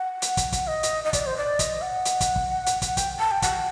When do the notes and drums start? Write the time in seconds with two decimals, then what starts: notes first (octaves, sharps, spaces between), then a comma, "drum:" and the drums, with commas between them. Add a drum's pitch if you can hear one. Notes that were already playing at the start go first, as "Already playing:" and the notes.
Already playing: F#5
0.22 drum: hi-hat
0.37 drum: kick, hi-hat
0.52 drum: kick, hi-hat
0.67 D#5
0.83 drum: hi-hat
1.04 D#5
1.13 D5, drum: kick, hi-hat
1.26 C5
1.37 D5
1.59 D#5, drum: kick, hi-hat
1.82 F#5
2.05 drum: hi-hat
2.21 drum: kick, hi-hat
2.36 drum: kick
2.66 drum: hi-hat
2.82 drum: kick, hi-hat
2.97 G5, drum: kick, hi-hat
3.19 A5
3.31 G5
3.42 F#5, drum: kick, hi-hat